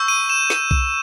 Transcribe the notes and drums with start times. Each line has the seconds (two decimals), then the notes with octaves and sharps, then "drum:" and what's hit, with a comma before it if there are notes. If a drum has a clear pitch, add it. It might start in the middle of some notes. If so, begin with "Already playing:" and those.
Already playing: C#6 E6 G6
0.08 D#7
0.30 E7
0.50 drum: snare
0.71 drum: kick B1